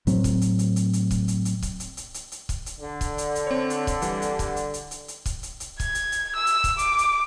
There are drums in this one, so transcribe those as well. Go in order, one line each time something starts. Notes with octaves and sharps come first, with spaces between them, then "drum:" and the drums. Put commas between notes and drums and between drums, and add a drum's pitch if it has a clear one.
A2 F#3 C4, drum: hi-hat
drum: kick, hi-hat
drum: hi-hat
drum: hi-hat
drum: hi-hat
drum: hi-hat
drum: kick, hi-hat
drum: hi-hat
drum: hi-hat
drum: kick, hi-hat
drum: hi-hat
drum: hi-hat
drum: hi-hat
drum: hi-hat
drum: kick, hi-hat
drum: hi-hat
D3
drum: kick, hi-hat
drum: hi-hat
drum: hi-hat
C4 C#5
drum: hi-hat
drum: kick, hi-hat
E3 G3, drum: hi-hat
drum: hi-hat
drum: kick, hi-hat
drum: hi-hat
drum: hi-hat
drum: hi-hat
drum: hi-hat
drum: kick, hi-hat
drum: hi-hat
drum: hi-hat
G#6, drum: kick, hi-hat
drum: hi-hat
drum: hi-hat
E6
drum: hi-hat
drum: kick, hi-hat
D6, drum: hi-hat
drum: hi-hat